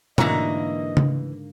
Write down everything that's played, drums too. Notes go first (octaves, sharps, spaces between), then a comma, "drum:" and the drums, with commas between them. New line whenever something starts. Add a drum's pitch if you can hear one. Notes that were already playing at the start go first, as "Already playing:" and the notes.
G#2 D3 E3 A#3 F#4 D#5 A#5, drum: tom B2
drum: tom C#3